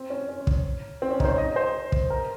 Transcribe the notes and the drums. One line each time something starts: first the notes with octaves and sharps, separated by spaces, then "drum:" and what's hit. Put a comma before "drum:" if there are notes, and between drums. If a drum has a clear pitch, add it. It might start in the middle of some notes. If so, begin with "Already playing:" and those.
Already playing: C4
C#4
C#4
drum: kick
C4
C#4
D#4, drum: kick
C5
C#5
D#5
C5
drum: kick
A#4